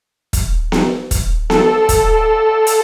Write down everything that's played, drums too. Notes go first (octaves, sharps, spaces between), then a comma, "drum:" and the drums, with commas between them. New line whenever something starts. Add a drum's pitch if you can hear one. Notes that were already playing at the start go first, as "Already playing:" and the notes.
drum: kick, hi-hat
drum: snare B3
drum: kick, hi-hat
A4, drum: snare B3
drum: kick, hi-hat
drum: hi-hat